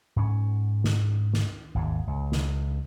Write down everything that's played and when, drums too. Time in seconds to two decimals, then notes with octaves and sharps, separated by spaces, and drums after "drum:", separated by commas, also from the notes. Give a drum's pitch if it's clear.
0.16 G#2 C#4
0.84 drum: snare
1.33 drum: snare
1.75 G#1 D#2 G#2
2.07 C#2
2.32 drum: snare